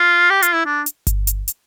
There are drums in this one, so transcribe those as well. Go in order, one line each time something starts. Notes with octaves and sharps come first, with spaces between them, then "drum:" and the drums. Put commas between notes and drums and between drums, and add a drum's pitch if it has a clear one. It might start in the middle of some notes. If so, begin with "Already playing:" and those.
Already playing: F4
G4
F4, drum: hi-hat
E4
D4
drum: hi-hat
drum: kick G1, hi-hat
drum: hi-hat
drum: hi-hat